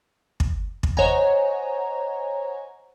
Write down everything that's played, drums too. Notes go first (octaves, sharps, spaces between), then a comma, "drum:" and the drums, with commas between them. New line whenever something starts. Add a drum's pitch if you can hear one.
drum: kick
drum: kick
C5 C#5 D#5 F#5 G#5 A#5, drum: tom E2